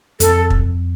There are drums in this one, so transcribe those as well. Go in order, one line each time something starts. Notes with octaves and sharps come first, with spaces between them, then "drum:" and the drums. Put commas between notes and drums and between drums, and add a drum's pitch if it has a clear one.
F2 A4, drum: hi-hat
drum: kick